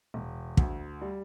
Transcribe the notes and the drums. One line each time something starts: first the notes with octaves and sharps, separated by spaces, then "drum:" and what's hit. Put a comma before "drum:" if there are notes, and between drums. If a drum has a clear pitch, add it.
E1
D2, drum: kick
G3